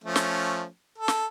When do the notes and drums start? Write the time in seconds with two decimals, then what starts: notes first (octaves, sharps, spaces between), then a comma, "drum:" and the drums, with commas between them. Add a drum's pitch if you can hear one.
0.04 F3 A3 C#4
0.16 drum: snare
0.98 A4
1.08 drum: snare